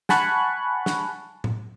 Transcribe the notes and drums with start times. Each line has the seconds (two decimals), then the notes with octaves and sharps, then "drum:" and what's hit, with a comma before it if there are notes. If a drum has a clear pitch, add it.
0.09 F#5 G#5 A5 B5 C#6 F#6, drum: snare
0.86 drum: snare
1.44 drum: tom A2